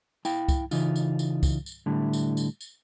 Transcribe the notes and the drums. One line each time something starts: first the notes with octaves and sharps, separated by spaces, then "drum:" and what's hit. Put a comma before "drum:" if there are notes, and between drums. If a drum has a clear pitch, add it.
E4 F5 G5, drum: tambourine
drum: kick C2, tambourine
C#3 E3 D#4 F4, drum: tambourine
drum: tambourine
drum: tambourine
drum: kick C2, tambourine
drum: tambourine
A2 D3 G3 E4
drum: tambourine
drum: tambourine
drum: tambourine